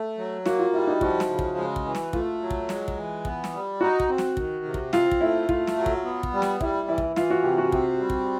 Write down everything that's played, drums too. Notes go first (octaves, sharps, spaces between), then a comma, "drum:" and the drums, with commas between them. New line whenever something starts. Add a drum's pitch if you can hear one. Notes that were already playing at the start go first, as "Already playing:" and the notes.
Already playing: A3
F#3
A#3 F#4, drum: snare
F4
G3 E4
D#4
F3 F#4, drum: kick
drum: snare
C#3
drum: kick
G#3
drum: kick
E3
drum: snare
A3 F4, drum: kick
F#3
drum: kick
G#3, drum: snare
drum: kick
E3
B3, drum: kick
drum: snare
G3
D#4 F#4
drum: kick
C4
drum: snare
D#3, drum: kick
C3
drum: kick
C4 F4, drum: snare
drum: kick
A3 E4
A3 F4, drum: kick
drum: snare
F#3
drum: kick
B3
drum: kick
G3
drum: snare
G3 E4, drum: kick
E3 E4
drum: kick
E3 F4, drum: snare
F#4
C3 G4
F#4
C4 G4, drum: kick
G3
drum: kick